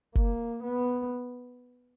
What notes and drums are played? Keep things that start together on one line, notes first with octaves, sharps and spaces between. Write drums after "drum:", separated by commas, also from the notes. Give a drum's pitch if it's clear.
A#3, drum: kick F#1
B3